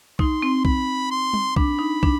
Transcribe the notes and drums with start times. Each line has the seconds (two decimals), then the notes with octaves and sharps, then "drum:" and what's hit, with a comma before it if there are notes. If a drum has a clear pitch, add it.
0.19 D#4 C6, drum: kick
0.42 C4
0.65 B5, drum: kick
1.11 C6
1.33 drum: tom
1.56 D4 B5, drum: kick
1.79 D#4
2.03 D4, drum: kick